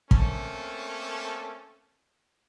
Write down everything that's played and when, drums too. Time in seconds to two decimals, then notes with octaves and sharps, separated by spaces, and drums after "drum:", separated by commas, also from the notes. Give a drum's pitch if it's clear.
0.11 A3 A#3 C4 C#4 A4, drum: kick